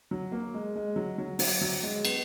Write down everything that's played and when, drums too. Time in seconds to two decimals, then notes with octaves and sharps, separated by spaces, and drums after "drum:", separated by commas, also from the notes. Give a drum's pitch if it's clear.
0.11 F#3
0.32 A#3
0.54 G#3
0.76 G#3
0.96 F#3
1.18 F#3
1.39 F#3, drum: open hi-hat
1.61 F#3
1.83 G#3
2.05 B3, drum: cymbal